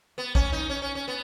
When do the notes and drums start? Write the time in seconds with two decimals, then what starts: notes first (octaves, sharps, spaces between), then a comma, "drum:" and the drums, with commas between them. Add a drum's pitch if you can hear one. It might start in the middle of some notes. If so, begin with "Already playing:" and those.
0.18 B3
0.35 C#4, drum: kick
0.52 D#4
0.70 C#4
0.82 C#4
0.95 C#4
1.08 B3